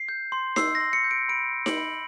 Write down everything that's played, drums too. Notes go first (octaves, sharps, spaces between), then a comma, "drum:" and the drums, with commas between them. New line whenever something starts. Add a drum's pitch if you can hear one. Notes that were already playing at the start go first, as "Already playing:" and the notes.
Already playing: C7
G6
C6
E6 C7, drum: snare D#4
A#6
C6
C#7
G6
D7
B5 D7
B5
F#7, drum: snare D#4
B5